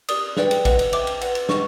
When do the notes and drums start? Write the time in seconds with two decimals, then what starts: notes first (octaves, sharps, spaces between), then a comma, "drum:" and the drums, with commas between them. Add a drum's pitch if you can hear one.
0.09 G4 A#4 D5 D#6, drum: cymbal
0.37 G#4 B4 D5 G5, drum: snare
0.51 drum: cymbal
0.65 B4 D#5 F#5, drum: kick, cymbal
0.79 drum: cymbal
0.93 C5 E5 G5 D6, drum: cymbal
1.07 drum: cymbal
1.21 B4 D5 F#5, drum: cymbal
1.35 drum: cymbal
1.49 B4 D#5 F#5 C#6, drum: snare